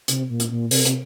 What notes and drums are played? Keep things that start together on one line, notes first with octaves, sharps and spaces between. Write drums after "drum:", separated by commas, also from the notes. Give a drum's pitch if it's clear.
C3, drum: hi-hat
A#2
drum: hi-hat
A#2
C3, drum: open hi-hat
C3, drum: hi-hat